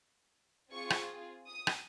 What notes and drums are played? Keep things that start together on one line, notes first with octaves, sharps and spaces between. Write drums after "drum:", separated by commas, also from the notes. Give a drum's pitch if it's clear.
C4 F4 G#4 C#6
drum: rim click
D#6
drum: rim click